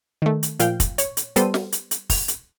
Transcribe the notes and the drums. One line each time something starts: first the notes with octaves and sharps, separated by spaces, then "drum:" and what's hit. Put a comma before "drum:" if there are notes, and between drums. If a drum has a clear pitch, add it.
D#3 A3
drum: hi-hat
A#2 F3 F5 G5 G6, drum: hi-hat
drum: kick, hi-hat
C#5, drum: hi-hat
drum: hi-hat
G3 B3 A4 C5 C6 D#7, drum: hi-hat
drum: snare
drum: hi-hat
drum: hi-hat
drum: kick, open hi-hat
drum: hi-hat